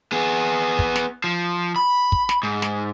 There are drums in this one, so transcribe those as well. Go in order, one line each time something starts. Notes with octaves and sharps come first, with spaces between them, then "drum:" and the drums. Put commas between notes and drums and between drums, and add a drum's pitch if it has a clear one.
B3 G#4
drum: kick
drum: snare
F3
B5
drum: kick
drum: snare
G#2
drum: snare